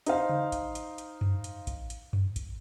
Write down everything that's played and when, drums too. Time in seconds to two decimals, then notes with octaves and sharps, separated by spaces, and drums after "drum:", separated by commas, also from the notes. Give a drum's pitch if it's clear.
0.06 D#4 C5 F5, drum: hi-hat
0.29 drum: tom C#3
0.52 drum: kick A1, hi-hat
0.75 drum: hi-hat
0.98 drum: hi-hat
1.21 drum: tom F#2
1.44 drum: hi-hat
1.67 drum: kick A1, hi-hat
1.90 drum: hi-hat
2.13 drum: tom F#2
2.36 drum: kick A1, hi-hat